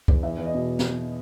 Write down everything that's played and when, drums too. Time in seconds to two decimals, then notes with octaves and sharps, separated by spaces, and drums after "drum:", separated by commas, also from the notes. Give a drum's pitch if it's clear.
0.08 E2, drum: kick
0.22 E2 E5
0.38 E2
0.46 D#5
0.54 B2
0.79 drum: snare